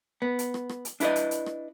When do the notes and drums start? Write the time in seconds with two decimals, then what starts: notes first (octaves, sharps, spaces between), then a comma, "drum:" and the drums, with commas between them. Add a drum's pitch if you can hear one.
0.22 B3
0.39 drum: hi-hat
0.54 drum: rim click
0.69 drum: rim click
0.85 drum: hi-hat
1.00 D4 E4 G#4 B4 D#5, drum: hi-hat
1.16 drum: hi-hat
1.31 drum: hi-hat
1.46 drum: rim click